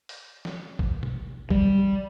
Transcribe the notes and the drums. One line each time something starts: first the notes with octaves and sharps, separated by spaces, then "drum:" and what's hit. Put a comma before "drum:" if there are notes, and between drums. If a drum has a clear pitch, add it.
drum: open hi-hat
drum: snare
drum: kick G#1
drum: tom
G3, drum: kick G#1